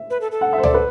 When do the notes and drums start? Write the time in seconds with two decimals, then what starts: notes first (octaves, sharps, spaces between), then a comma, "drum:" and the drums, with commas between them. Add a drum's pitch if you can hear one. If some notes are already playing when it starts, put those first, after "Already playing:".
Already playing: E5
0.10 B4
0.21 A4
0.31 A4
0.41 F#5
0.53 E5
0.58 C5
0.63 D5, drum: tom C#2
0.74 B4